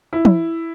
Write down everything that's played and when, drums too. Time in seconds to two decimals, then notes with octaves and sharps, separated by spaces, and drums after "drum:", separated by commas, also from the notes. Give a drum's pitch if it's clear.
0.13 E4
0.25 drum: tom